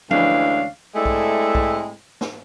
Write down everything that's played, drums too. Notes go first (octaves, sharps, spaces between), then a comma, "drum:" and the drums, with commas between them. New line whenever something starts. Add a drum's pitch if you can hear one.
D2 E3 G#3 C#4 D4 F5, drum: tom F3
G#3 A3 C4 D4 E4 A4
drum: kick B1
drum: kick B1
drum: snare